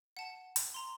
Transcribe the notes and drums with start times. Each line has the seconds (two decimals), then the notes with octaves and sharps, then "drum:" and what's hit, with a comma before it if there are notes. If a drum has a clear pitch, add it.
0.17 F#5 A5
0.56 drum: hi-hat
0.74 A#5 C6